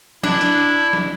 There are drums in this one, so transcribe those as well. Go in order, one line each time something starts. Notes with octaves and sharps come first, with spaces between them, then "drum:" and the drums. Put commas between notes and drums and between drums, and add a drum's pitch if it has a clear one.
D4 E4, drum: snare
drum: hi-hat
drum: snare